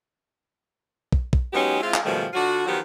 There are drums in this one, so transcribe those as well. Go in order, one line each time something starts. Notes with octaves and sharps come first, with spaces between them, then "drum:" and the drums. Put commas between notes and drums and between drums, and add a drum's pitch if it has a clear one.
drum: kick
drum: kick
F#3 G#3 B3 C#4 D#4 G4
G#3 C4 E4 F4
drum: clap
G#2 B2 D#3 F3 G3 A3
D3 D4 F4 F#4
D#3 F3 F#3 B3 F#4 G4